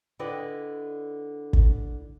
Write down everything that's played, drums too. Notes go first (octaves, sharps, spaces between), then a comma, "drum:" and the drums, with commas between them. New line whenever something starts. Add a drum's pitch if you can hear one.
D3 E4 B4 D5 D#5 G5
drum: kick